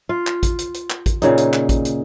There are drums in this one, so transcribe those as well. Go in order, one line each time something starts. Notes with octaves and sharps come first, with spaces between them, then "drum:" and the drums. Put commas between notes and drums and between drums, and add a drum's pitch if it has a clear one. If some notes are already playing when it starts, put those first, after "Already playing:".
F4
drum: clap
drum: kick A1, hi-hat
drum: hi-hat
drum: hi-hat
drum: clap
drum: kick A1, hi-hat
A#2 C#3 D#4, drum: hi-hat
drum: hi-hat
drum: clap
drum: kick A1, hi-hat
drum: hi-hat